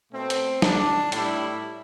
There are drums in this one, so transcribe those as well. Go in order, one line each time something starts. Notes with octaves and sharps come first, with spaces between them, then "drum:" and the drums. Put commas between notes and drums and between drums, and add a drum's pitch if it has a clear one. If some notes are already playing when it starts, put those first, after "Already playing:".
B2 A3 C4
drum: hi-hat
D4, drum: snare
A2 G3 E4, drum: hi-hat